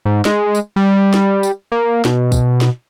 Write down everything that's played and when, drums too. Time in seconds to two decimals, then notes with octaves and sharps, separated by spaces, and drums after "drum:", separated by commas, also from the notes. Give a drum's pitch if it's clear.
0.05 G#2
0.25 G#3, drum: snare
0.55 drum: tambourine
0.76 G3
1.14 drum: snare
1.43 drum: tambourine
1.72 A#3
2.05 B2, drum: snare
2.32 drum: kick, tambourine
2.61 drum: snare